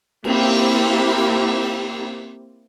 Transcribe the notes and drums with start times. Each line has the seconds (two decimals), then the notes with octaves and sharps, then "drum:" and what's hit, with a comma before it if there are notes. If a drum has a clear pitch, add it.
0.24 A#3 C4 E4 G4, drum: cymbal